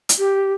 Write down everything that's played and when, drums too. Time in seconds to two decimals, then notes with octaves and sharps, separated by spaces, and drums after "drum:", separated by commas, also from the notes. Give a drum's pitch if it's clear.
0.09 drum: hi-hat
0.19 G4